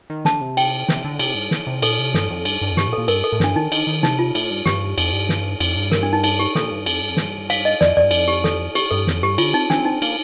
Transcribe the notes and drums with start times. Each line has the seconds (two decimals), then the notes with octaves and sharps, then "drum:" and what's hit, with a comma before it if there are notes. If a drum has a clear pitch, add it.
0.10 D#3
0.25 D3 A5, drum: snare
0.41 C3
0.57 G5, drum: cymbal
0.89 C3, drum: snare
1.04 D3
1.19 C3, drum: cymbal
1.35 G2
1.51 drum: snare
1.67 C3
1.82 A#2 A4, drum: cymbal
1.99 C3
2.14 G2 A4, drum: snare
2.30 F2
2.45 G2, drum: cymbal
2.62 G2
2.72 F2
2.77 G2 G4, drum: snare
2.87 A#2
2.93 A4
2.98 A#2
3.08 G2 A#4, drum: cymbal
3.24 A4
3.32 A2
3.40 G2 D4, drum: snare
3.56 D#3 D#4
3.72 D#3, drum: cymbal
3.87 D#3
4.03 C3 D#4, drum: snare
4.19 F4
4.35 A2, drum: cymbal
4.51 G2
4.66 G2 G4, drum: snare
4.98 F2, drum: cymbal
5.13 G2
5.29 drum: snare
5.60 F2, drum: cymbal
5.76 G2
5.91 A#4, drum: snare
6.03 D4
6.13 D#4
6.24 D#4, drum: cymbal
6.39 G4
6.55 A#2 A4, drum: snare
6.71 G2
6.86 F2, drum: cymbal
7.02 G2
7.10 F2
7.17 G2, drum: snare
7.50 F5, drum: cymbal
7.65 D#5
7.81 F2 D5, drum: snare
7.97 F2 D5
8.04 G2
8.11 F2, drum: cymbal
8.28 G4
8.44 A4, drum: snare
8.75 G4, drum: cymbal
8.91 G2 A4
9.07 F2, drum: snare
9.23 G2 G4
9.38 D3 F4, drum: cymbal
9.54 C4 D#4
9.70 C4 D4, drum: snare
9.85 D#4
10.02 A#3, drum: cymbal